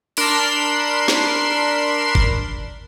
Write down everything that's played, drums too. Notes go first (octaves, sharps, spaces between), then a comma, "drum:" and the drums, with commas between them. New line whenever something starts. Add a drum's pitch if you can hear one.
D4 A#4 B5 C6 C7 E7, drum: open hi-hat
drum: snare
drum: kick G1